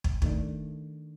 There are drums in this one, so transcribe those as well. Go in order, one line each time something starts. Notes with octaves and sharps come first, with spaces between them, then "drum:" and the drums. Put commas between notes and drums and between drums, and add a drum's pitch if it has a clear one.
drum: kick
D#3 A3 D4, drum: kick